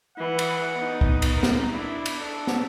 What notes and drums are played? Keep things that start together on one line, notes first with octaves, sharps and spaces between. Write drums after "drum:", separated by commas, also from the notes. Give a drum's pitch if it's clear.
E3 F#5
drum: cymbal
B3 D#4
drum: kick
drum: cymbal
A#4
drum: snare
D4 E4
drum: cymbal
A4
drum: snare